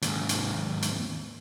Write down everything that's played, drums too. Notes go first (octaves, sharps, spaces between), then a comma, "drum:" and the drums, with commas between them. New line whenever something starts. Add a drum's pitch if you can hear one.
D#2 G#2, drum: hi-hat
drum: hi-hat
drum: hi-hat